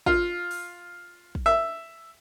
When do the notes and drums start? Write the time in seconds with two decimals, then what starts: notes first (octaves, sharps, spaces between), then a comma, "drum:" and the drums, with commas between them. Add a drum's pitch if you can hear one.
0.06 F4, drum: kick
0.51 drum: open hi-hat
1.35 drum: kick
1.46 E5